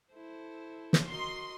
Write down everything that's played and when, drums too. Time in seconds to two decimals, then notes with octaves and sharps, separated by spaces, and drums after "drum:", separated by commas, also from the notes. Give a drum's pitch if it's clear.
0.13 E4 A4 C5
0.93 drum: snare
1.08 F#4 A#4 D#5 C6